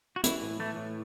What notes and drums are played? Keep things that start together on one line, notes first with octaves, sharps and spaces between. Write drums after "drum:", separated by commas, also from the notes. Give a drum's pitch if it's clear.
F#4
E3 E4, drum: hi-hat
A2
E3 A3
A2